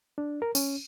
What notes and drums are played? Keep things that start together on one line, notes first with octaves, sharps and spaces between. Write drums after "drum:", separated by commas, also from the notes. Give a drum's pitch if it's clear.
D4
A#4
C#4, drum: tambourine